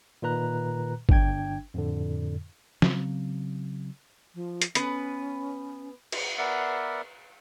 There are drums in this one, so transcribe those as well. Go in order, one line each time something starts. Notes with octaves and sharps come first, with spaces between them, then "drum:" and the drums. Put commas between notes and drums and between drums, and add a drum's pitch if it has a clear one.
A#2 D#3 B4 A#5 F#6
G1 D4 G5 G#6, drum: kick G#1
F2 A2 D3
C#3 F#3 C4, drum: snare
F3
drum: hi-hat
B3 C#4 B4, drum: hi-hat
drum: cymbal
B3 A#4 D5 E5 F#5